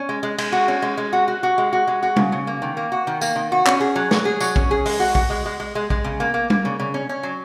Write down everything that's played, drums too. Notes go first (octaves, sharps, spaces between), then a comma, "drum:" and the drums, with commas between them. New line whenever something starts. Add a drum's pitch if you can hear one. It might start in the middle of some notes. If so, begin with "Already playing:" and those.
Already playing: C#4
G#3
G#3
G#3, drum: cymbal
F#4
C#4
G#3
G#3
F#4
F#4
F#4
G#3
F#4
G#3
F#4
C#3, drum: tom G3
C#3
A#3
D#3
A#3
F#4
D#3
A#3, drum: tambourine
D#3
F#4
C#4, drum: clap
G#4
F#3
F#3, drum: snare
G#4
F#3, drum: tambourine
C#4, drum: kick A#1
G#4
G#3, drum: open hi-hat
F#4
F#4, drum: kick A#1
G#3
G#3
G#3
G#3
G#3, drum: kick A#1
C#3
A#3
A#3
A#3, drum: tom G3
C#3
C#3
C#4
C#4
F#3